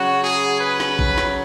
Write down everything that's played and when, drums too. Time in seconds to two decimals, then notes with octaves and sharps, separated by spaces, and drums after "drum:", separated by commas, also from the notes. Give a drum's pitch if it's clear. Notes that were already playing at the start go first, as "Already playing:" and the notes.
Already playing: C#3 F#3 F#4
0.24 G#4
0.61 B4
0.80 drum: snare
0.99 drum: kick A1
1.18 drum: snare